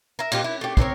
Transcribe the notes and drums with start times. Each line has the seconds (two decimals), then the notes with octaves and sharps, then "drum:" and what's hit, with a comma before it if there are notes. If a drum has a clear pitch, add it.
0.19 A#4 E5
0.32 A#2 D#4 F4 G4, drum: cymbal
0.44 E4
0.61 A3 G4
0.77 C4 D4 A#4 C#5, drum: kick